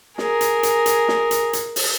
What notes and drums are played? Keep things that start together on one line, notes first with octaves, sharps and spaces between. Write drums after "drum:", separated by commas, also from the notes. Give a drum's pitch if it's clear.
G#4 A#4, drum: snare
drum: hi-hat
drum: hi-hat
drum: hi-hat
drum: snare
drum: hi-hat
drum: hi-hat
drum: open hi-hat